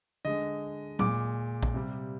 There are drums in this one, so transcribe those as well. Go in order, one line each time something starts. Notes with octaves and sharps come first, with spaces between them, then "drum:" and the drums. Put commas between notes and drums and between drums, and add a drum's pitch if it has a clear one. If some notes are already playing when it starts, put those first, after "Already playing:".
D3 G#3 D#5
A#2 G#3 D6, drum: tom F#3
drum: kick A#1
C3 G3